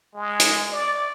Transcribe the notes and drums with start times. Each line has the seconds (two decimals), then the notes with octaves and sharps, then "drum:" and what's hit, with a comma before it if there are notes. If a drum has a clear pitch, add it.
0.15 G#3
0.40 drum: hi-hat
0.71 D5